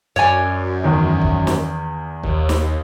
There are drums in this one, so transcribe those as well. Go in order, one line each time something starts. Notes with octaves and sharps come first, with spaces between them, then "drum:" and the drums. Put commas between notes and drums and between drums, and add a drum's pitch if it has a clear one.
F#2 C#5 D5 G#5
E2 D#3
drum: kick
drum: snare
D#2, drum: kick
drum: snare